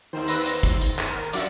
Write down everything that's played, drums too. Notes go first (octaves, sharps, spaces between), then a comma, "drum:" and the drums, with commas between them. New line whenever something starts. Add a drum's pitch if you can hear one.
D#2 D#3 C4 C5
B4 E6 A#6, drum: hi-hat
drum: hi-hat
drum: kick, hi-hat
drum: hi-hat
drum: clap
A#4
F#2 F#4 D5 E5, drum: hi-hat